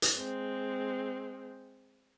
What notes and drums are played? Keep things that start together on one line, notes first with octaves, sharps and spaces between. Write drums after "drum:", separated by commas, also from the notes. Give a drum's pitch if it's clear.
drum: hi-hat
G#3 C4